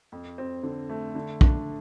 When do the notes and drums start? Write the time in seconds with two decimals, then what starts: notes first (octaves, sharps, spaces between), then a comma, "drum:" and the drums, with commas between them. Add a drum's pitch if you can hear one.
0.12 F2
0.38 C4
0.63 D3
0.90 A3
1.15 D3
1.41 D4, drum: kick